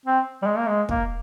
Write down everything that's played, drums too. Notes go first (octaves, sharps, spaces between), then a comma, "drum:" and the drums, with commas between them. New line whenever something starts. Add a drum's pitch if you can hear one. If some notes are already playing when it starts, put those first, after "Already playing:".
C4
G3
G#3
A#3
G#3
A#3, drum: kick